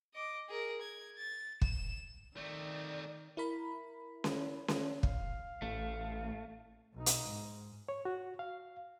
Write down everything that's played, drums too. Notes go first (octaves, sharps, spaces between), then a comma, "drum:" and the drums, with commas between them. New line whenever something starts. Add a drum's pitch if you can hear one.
D#5 D6
G#4 A#4
G#6
A6
E7, drum: kick
D#3 A3 C4 D5
E4 A#4 B5
drum: snare C#4
drum: snare C#4
F5, drum: kick
A1 A3
B1 D#4
drum: hi-hat
G#2
C#5
F#4
F5